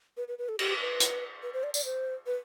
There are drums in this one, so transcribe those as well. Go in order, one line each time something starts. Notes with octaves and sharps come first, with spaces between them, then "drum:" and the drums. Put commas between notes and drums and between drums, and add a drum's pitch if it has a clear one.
B4
B4
B4
A4
G4, drum: cymbal
B4
drum: hi-hat
B4
C5
D5
D5, drum: tambourine
C5
B4